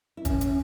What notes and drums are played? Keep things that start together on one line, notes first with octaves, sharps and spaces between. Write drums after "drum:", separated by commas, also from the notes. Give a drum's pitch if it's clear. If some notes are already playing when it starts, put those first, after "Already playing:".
E4
C#4, drum: kick, hi-hat
drum: hi-hat